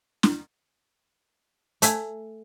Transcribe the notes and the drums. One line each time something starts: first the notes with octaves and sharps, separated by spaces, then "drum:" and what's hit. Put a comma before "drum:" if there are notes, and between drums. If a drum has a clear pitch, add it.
drum: snare
A3 E5 G#5, drum: hi-hat